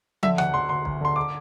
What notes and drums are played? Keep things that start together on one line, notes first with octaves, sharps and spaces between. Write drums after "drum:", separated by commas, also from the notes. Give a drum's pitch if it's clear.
D3 E5, drum: tom F3
D2 F#5, drum: rim click
D2 C6
D2 C6
D2, drum: kick B1
D3 C6
D6